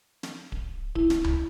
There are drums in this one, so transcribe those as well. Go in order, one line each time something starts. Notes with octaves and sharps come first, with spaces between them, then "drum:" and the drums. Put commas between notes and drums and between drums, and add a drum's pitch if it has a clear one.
drum: snare
drum: kick D1
E4, drum: kick D1
drum: snare
drum: tom C#2